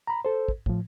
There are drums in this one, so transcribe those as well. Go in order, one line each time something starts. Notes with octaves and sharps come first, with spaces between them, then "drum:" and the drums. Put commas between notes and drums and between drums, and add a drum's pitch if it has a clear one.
A#5 B5
A4 C5
drum: kick
A2 F3, drum: kick